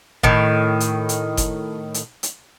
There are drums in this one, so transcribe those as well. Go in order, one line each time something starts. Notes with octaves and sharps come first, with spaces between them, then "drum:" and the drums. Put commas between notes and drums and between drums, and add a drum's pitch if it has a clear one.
A2 D#3, drum: kick F#1
drum: hi-hat
drum: hi-hat
drum: kick F#1, hi-hat
drum: hi-hat
drum: hi-hat